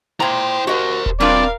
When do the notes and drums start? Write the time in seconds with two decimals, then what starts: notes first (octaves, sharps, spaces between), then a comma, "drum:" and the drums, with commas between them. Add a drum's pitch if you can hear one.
0.20 A#2 E4 C5 G5 A#5
0.67 F#4 G4 A#4 D#5
1.06 drum: kick D#1
1.20 G3 C4 D4 F4 A#4 D5 F5